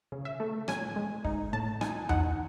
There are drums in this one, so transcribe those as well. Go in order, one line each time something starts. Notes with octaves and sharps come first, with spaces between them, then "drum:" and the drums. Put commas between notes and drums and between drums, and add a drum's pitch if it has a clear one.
C#3
E5
A3
A2 G#5, drum: rim click
G#3
D#4, drum: kick
A2 A5
D#4 G#5, drum: rim click
D#4 F#5, drum: tom E2